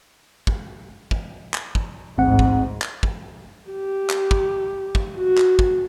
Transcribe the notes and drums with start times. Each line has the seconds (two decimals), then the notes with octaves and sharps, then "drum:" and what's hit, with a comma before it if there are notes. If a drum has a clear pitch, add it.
0.47 drum: kick
1.11 drum: kick
1.54 drum: clap
1.75 drum: kick
2.18 A1 D2 G#2 C4 F#5
2.39 drum: kick
2.82 drum: clap
3.03 drum: kick
3.70 G4
4.10 drum: clap
4.31 drum: kick
4.95 drum: kick
5.17 F#4
5.37 drum: clap
5.59 drum: kick